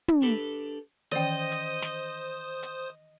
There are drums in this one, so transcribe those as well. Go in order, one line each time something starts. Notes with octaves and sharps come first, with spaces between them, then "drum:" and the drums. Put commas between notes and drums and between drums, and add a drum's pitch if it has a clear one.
drum: tom
D4 G4 A4 B4
D#3 E3 C#4 C5 D5 D#5 G5 D#6
drum: hi-hat
drum: snare
drum: hi-hat